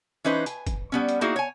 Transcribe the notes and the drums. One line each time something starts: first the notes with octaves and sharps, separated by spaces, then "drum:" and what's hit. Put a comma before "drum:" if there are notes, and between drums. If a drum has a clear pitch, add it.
E3 C#4 D#4 B4 C5
G#5, drum: hi-hat
drum: kick G1, hi-hat
G3 B3 C#4
drum: hi-hat
A#3 D#4 E4 F#4 G#4
C#5 G#5